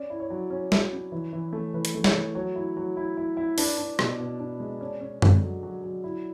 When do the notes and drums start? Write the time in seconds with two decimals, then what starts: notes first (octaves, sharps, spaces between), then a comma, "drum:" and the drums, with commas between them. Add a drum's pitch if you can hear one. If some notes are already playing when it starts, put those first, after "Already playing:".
Already playing: C#4 D5
0.10 E4
0.20 C#5
0.30 F#3
0.50 C#4 C#5
0.72 F#3, drum: snare
0.92 C#4
1.12 E3
1.33 E3
1.53 A3
1.74 E3 B4
1.85 drum: hi-hat
1.94 A3
2.04 C#5, drum: snare
2.15 E3
2.35 F#3 C#5
2.56 E4
2.77 F#3
2.97 E4
3.17 E4
3.37 E4
3.58 D4 B4, drum: open hi-hat
3.78 D4
3.99 B2, drum: rim click
4.20 B2
4.40 D4
4.60 G#3
4.81 C#4 D5
5.01 C#4
5.22 D3, drum: tom F#2
5.42 F#3
5.63 F#3
5.84 F#3
6.04 E4